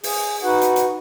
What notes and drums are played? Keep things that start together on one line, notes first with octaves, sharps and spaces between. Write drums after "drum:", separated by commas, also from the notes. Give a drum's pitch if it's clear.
G#4, drum: open hi-hat
D#4 F#4 B4 F#5
drum: hi-hat
drum: hi-hat